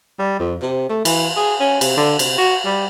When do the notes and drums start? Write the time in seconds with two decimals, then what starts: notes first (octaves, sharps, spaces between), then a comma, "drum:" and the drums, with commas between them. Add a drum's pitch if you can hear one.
0.19 G3
0.40 F2
0.62 C3
0.89 A3
1.05 E3, drum: cymbal
1.36 G#4
1.60 C#4
1.81 C3, drum: cymbal
1.97 D3
2.19 C3, drum: cymbal
2.38 F#4
2.65 G3